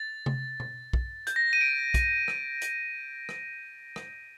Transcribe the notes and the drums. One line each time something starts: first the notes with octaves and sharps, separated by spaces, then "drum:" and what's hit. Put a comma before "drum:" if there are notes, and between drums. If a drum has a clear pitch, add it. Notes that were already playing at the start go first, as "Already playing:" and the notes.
Already playing: A6
drum: tom C3
drum: tom B2
drum: kick
G6, drum: hi-hat
A#6
D#7
D7
drum: kick, hi-hat
drum: rim click
drum: hi-hat
drum: rim click
drum: rim click